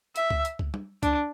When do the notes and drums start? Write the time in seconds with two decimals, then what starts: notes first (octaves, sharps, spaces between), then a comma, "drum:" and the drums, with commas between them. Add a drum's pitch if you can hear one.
0.16 E5, drum: hi-hat
0.31 drum: kick C#2
0.45 drum: hi-hat
0.59 drum: kick C#2
0.74 drum: tom
1.03 D4, drum: kick C#2, hi-hat